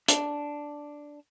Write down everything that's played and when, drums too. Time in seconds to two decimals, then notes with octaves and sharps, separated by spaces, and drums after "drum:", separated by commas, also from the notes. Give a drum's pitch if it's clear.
0.08 D4, drum: hi-hat